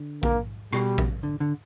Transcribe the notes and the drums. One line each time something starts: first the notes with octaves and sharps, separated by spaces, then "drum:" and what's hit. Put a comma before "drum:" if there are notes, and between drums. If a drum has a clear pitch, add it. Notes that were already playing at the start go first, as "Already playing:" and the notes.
Already playing: D3
A#3, drum: kick A#1
B2 G3, drum: rim click
drum: kick A#1
D3
D3